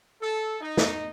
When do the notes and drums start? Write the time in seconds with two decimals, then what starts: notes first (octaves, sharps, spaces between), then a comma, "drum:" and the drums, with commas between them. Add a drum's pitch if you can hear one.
0.21 A4
0.61 D#4
0.77 drum: snare